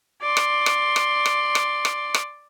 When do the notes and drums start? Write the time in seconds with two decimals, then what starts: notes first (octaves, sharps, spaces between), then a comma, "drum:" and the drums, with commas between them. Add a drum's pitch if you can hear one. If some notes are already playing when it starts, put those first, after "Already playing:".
0.22 D5 C6
0.37 drum: rim click
0.66 drum: rim click
0.96 drum: rim click
1.26 drum: rim click
1.55 drum: rim click
1.85 drum: rim click
2.14 drum: rim click